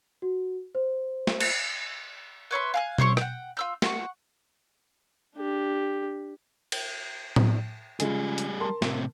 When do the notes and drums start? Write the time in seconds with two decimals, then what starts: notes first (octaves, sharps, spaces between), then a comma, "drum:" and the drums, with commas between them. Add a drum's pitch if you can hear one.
0.22 F#4
0.75 C5
1.27 drum: snare
1.40 drum: cymbal
2.51 B4 C#5 E5 C6
2.74 F5 G#5 F#6
2.98 E4 C5 C#5 C#6, drum: tom B2
3.17 F#5 G5, drum: rim click
3.57 F4 E6 G6
3.82 F#5 C#6, drum: snare
5.36 D4 G4
6.72 drum: cymbal
7.36 drum: tom A2
8.00 C#3 G3 G#3 F4 G#4, drum: hi-hat
8.38 drum: hi-hat
8.60 A#4 A5 C6
8.82 A2 C3, drum: snare